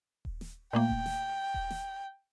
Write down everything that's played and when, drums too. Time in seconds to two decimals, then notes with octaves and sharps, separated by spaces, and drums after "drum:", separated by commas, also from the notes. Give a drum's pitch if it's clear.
0.25 drum: kick D#1
0.41 drum: snare
0.73 A#2 A3 A#3 G5
0.90 drum: kick D#1
1.06 drum: snare
1.54 drum: kick D#1
1.71 drum: snare